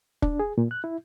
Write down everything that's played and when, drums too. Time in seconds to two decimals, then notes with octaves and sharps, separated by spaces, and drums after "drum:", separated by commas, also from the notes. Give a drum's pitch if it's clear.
0.22 D4, drum: kick
0.39 G#4
0.58 A#2
0.71 F#6
0.84 E4